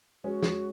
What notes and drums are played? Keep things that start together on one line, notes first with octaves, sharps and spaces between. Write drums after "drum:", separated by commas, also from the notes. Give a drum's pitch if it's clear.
G#3 C#4 F#4
drum: snare